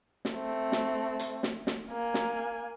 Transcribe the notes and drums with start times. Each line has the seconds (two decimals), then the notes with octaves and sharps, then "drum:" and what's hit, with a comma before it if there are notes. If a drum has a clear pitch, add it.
0.25 drum: snare
0.34 A3 C4
0.72 drum: snare
1.19 drum: hi-hat
1.43 drum: snare
1.67 drum: snare
1.91 A#3 G#5
2.14 drum: snare